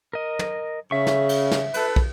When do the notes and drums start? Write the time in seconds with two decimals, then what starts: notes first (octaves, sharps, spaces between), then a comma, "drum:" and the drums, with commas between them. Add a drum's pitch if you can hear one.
0.13 A#4 D#5
0.39 drum: tom
0.91 C#3 E5 C#6
1.07 drum: snare
1.29 drum: cymbal
1.51 drum: snare
1.74 A4 B4, drum: cymbal
1.96 drum: kick